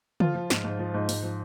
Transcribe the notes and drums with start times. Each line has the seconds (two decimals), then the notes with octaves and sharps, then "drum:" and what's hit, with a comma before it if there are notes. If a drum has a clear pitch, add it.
0.20 F3 F4, drum: tom
0.35 F3
0.50 G#2, drum: snare
0.64 G#2
0.79 F3
0.94 G#2
1.09 G#2, drum: open hi-hat
1.23 F3